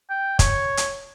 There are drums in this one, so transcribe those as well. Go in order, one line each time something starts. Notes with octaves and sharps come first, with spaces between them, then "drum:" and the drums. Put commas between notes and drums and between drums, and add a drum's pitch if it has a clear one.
G5
C#5, drum: kick, hi-hat
drum: hi-hat